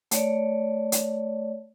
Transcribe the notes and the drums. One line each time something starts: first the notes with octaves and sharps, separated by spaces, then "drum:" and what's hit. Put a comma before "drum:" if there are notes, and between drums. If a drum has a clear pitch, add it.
A3 C#5 D5, drum: hi-hat
drum: hi-hat